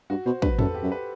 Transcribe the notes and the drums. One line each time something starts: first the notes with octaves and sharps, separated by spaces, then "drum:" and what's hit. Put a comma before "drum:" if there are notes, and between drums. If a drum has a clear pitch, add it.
G2 F#4
B2 C5
G2 B4, drum: kick
F#2 A4, drum: tom
G4
F#2
B4